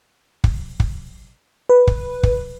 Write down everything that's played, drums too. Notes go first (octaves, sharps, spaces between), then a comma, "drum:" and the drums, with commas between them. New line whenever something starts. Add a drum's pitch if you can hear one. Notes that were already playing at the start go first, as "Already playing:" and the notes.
drum: kick
drum: kick
B4
drum: kick
drum: kick